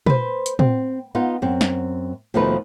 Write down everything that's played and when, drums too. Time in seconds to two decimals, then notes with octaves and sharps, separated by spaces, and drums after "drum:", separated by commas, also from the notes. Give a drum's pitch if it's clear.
0.06 B4 C5, drum: tom
0.46 drum: hi-hat
0.59 C4, drum: tom
1.15 B3 D#4 F4
1.42 F#2 C4
1.61 drum: snare
2.34 D#2 B2 F3 A3 D#4 B4